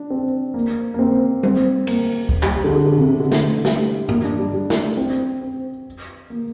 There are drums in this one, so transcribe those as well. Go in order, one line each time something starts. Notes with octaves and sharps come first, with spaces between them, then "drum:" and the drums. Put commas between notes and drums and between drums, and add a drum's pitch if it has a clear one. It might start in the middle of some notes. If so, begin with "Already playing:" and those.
Already playing: D4
C4
A#3
A#3
C4
C4, drum: tom G3
A#3, drum: cymbal
drum: kick
G3, drum: clap
D3
D3
D3
C3
C3
D3
drum: snare
G3, drum: snare
A#3, drum: tom G2
D4
G3
G3
drum: snare
C4
C4
A#3